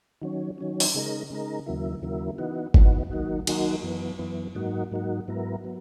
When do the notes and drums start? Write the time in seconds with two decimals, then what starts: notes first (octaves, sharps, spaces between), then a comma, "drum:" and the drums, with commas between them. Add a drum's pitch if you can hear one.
0.21 D#3 F#3 C#4
0.58 D#3 F#3 C#4
0.80 drum: open hi-hat
0.94 C#3 G#3 D#4 A#4
1.30 C#3 G#3 D#4 A#4
1.66 D#2 C#3 F#3 A#3 E4
2.02 D#2 C#3 F#3 A#3 E4
2.38 E3 B3 D#4 F#4
2.74 E3 B3 D#4 F#4, drum: kick G1
3.11 D#3 F#3 A#3 D#4 F#4
3.47 D#3 F#3 A#3 D#4 F#4, drum: cymbal
3.83 F#2 E3 B3
4.19 F#2 E3 B3
4.55 G#2 F#3 A#3 D#4 F#4
4.91 G#2 F#3 A#3 D#4 F#4
5.28 G#2 F#3 B3 E4 A#4
5.64 F#3 B3